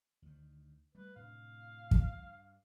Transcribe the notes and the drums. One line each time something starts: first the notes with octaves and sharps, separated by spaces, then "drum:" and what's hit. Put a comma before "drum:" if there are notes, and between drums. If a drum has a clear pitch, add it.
D2 D#3
G3 A3 B4
A2 C3 D4 F5
drum: kick
G2